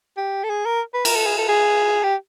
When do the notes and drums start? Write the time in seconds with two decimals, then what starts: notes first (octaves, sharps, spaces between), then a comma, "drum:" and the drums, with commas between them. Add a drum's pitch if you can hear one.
0.17 G4
0.43 A4
0.50 G#4
0.66 A#4
0.94 B4
1.05 A#4, drum: cymbal
1.16 A4
1.26 G#4
1.38 A4
1.49 G#4
2.03 G4